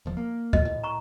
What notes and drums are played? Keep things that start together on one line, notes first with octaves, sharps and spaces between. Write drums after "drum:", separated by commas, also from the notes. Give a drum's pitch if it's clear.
E1 F3
A#3
D#5, drum: kick
A2
A#5 C#6